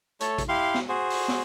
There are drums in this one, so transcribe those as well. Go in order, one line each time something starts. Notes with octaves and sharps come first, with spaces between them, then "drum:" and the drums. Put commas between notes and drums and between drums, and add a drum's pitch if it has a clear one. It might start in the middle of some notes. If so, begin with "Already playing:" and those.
A3 A4 C#5, drum: hi-hat
drum: kick A1, hi-hat
E4 G4 F5 C6
drum: snare
F#4 G#4 C5
drum: open hi-hat
drum: snare